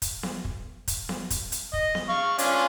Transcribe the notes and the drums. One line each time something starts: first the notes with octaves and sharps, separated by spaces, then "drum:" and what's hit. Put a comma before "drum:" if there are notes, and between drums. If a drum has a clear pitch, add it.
drum: kick, hi-hat
drum: snare B3
drum: kick
drum: kick, hi-hat
drum: snare B3
drum: kick, hi-hat
drum: hi-hat
D#5, drum: kick
drum: snare B3
F5 C#6
C#4 D4 F4, drum: hi-hat